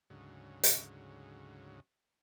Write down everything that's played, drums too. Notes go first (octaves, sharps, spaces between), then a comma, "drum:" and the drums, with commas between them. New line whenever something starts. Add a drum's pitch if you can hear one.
D2 G#2 C#3 F#3
drum: hi-hat